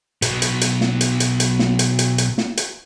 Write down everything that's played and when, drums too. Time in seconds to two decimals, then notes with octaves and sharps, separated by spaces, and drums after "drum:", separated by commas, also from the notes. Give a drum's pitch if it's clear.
0.22 B2 F#3, drum: hi-hat
0.42 drum: hi-hat
0.61 drum: hi-hat
0.81 drum: snare
1.01 drum: hi-hat
1.20 drum: hi-hat
1.40 drum: hi-hat
1.59 drum: snare
1.79 drum: hi-hat
1.99 drum: hi-hat
2.18 drum: hi-hat
2.38 drum: snare
2.57 drum: hi-hat